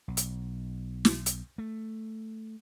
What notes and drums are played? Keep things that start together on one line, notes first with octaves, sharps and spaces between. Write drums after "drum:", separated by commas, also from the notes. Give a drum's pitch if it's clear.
B1
drum: hi-hat
drum: snare
drum: hi-hat
A3